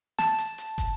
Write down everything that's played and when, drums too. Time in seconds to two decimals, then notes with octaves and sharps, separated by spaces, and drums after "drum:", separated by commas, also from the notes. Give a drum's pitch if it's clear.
0.19 A5, drum: snare
0.38 drum: hi-hat
0.58 drum: hi-hat
0.78 drum: kick, hi-hat